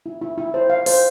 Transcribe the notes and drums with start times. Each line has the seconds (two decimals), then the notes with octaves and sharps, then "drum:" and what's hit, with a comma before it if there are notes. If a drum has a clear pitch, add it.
0.06 E4
0.22 E4
0.38 E4
0.54 C5
0.70 F5
0.86 C5, drum: open hi-hat